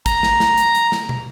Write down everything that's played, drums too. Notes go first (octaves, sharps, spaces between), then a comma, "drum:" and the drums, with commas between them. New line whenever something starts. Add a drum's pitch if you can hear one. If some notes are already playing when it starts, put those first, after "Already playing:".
A#5, drum: kick, hi-hat
drum: snare
drum: snare
drum: hi-hat
drum: hi-hat
drum: snare
drum: tom